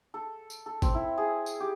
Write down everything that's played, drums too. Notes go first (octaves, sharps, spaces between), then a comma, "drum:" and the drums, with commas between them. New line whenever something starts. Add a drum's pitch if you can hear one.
A4
drum: tambourine
A4
C4, drum: kick, tambourine
E4
G#4
drum: tambourine
G4